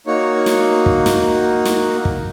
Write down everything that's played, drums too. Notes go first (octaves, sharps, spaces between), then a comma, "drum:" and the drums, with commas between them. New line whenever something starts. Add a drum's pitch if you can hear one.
A#3 D#4 F#4 C#5
drum: snare
drum: kick
drum: snare
drum: snare
drum: kick